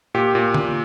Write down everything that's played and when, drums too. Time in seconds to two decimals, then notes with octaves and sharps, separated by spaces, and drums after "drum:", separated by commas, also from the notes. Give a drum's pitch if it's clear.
0.14 A#2 G4
0.35 A#2
0.54 drum: tom